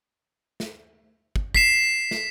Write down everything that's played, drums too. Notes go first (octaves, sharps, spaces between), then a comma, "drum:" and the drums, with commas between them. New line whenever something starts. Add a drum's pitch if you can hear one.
drum: snare
drum: kick
B6 C7 E7, drum: kick
drum: snare